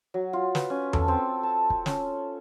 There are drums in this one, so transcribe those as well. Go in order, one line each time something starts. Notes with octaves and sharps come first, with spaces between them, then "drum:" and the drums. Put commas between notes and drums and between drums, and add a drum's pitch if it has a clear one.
F#3
F4
B4, drum: snare
C#4
A4, drum: tom E2
C4
A5
drum: kick
C#4, drum: snare